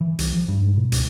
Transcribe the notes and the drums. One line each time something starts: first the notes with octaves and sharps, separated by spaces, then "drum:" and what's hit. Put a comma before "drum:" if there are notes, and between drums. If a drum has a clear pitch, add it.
E3
C2, drum: hi-hat
F3
G2
G#2
B2
C#2, drum: hi-hat